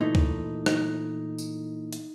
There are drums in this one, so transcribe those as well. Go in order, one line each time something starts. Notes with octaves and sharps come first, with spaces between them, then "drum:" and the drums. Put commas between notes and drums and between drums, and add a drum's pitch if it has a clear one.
A#2 E3 A3 D#4
drum: kick C#2
D#4, drum: rim click
drum: tambourine
drum: hi-hat